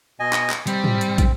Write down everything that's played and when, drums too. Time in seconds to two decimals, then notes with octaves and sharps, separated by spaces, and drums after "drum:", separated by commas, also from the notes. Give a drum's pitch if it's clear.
0.20 B2 D#5 G#5
0.33 drum: clap
0.50 drum: clap
0.67 G3 C4, drum: hi-hat
0.84 drum: tom
1.01 drum: hi-hat
1.18 drum: kick, hi-hat